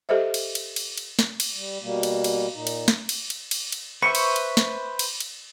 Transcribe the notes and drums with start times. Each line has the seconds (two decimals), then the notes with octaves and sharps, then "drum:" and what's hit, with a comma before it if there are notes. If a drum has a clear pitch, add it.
0.09 G4 A4 C5 D#5 E5
0.34 drum: cymbal
0.55 drum: cymbal
0.76 drum: cymbal
0.98 drum: cymbal
1.19 drum: snare
1.40 drum: cymbal
1.55 G3
1.82 B2 G3 A#3
2.03 drum: cymbal
2.24 drum: cymbal
2.54 A#2 D#4
2.67 drum: cymbal
2.88 drum: snare
3.09 drum: cymbal
3.30 drum: cymbal
3.51 drum: cymbal
3.72 drum: cymbal
4.02 B4 C5 E5 C#6
4.15 drum: cymbal
4.36 drum: cymbal
4.57 drum: snare
4.99 drum: cymbal
5.20 drum: cymbal